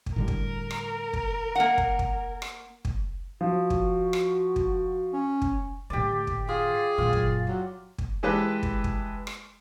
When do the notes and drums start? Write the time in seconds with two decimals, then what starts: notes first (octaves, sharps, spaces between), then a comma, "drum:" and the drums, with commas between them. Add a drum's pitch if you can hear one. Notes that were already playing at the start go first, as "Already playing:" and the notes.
0.06 drum: kick
0.16 A2 D3 G3 A#4
0.28 drum: kick
0.71 drum: rim click
1.13 drum: kick
1.55 A#3 F#5
1.78 drum: kick
1.99 drum: kick
2.42 drum: rim click
2.85 drum: kick
3.41 F3 F#4
3.70 drum: kick
4.13 drum: rim click
4.56 drum: kick
5.13 C#4
5.42 drum: kick
5.90 A2 D3 G4 D5
6.27 drum: kick
6.49 F4 G#4
6.98 F#2 A#2 F4
7.13 drum: kick
7.48 F#3
7.98 drum: kick
8.23 E3 G#3 G4 A4 B4
8.63 drum: kick
8.84 drum: kick
9.27 drum: rim click